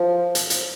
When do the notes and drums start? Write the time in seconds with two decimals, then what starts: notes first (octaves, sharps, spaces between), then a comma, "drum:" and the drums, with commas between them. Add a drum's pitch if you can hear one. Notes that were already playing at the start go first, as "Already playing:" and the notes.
Already playing: F3
0.35 drum: hi-hat
0.50 drum: hi-hat